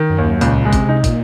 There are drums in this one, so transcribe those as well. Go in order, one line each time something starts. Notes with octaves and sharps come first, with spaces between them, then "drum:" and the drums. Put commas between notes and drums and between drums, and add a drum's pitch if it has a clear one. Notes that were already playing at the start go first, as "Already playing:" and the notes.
Already playing: D#3
F#2
D#2
C#2 A#2, drum: hi-hat
G#3
C3, drum: kick, hi-hat
D#4
A#2, drum: kick, hi-hat